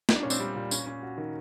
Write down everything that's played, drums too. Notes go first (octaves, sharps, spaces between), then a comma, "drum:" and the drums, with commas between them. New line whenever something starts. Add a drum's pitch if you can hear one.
G3 D#4, drum: snare
D4
A#2 C#4
C4 D4, drum: tambourine
G3
A#2
C#4, drum: tambourine
C#4
F#4
D#3